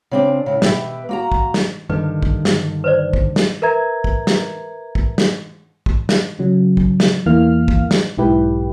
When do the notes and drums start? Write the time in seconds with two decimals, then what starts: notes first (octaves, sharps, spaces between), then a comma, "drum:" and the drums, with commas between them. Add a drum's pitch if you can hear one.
0.11 C#3 C4 D4
0.46 A2 C#3
0.62 B2 G4 B4 E5, drum: snare
1.09 A#3 F#4 A#5
1.32 drum: kick
1.54 drum: snare
1.89 G2 D3 D#3 B4
2.23 drum: kick
2.45 drum: snare
2.84 B4 C5 D5
3.13 drum: kick
3.36 drum: snare
3.62 A#4 B4 E5 A#5 G#6
4.04 drum: kick
4.27 drum: snare
4.95 drum: kick
5.18 drum: snare
5.86 drum: kick
6.09 drum: snare
6.39 C#3 F#3
6.77 drum: kick
7.00 drum: snare
7.26 E2 E3 A#3 F5 F6
7.68 drum: kick
7.91 drum: snare
8.17 B1 G#2 E4 G4 B4